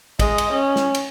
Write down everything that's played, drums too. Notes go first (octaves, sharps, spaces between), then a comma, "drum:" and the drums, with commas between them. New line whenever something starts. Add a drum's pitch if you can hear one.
G#3 D#5, drum: kick, cymbal
drum: cymbal
C#4
drum: snare
drum: cymbal